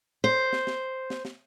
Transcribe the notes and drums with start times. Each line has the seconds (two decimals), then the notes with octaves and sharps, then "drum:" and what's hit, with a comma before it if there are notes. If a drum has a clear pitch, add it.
0.24 C5
0.53 drum: snare
0.67 drum: snare
1.10 drum: snare
1.25 drum: snare